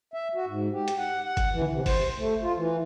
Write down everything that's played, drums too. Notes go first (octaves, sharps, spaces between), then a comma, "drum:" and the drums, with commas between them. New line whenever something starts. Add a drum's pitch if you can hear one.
E5
F#4
G#2
G4
drum: hi-hat
F#5
F#5
drum: kick G1, hi-hat
E3
drum: tom D3
C3
C5, drum: kick G1, open hi-hat
A3
F4
E3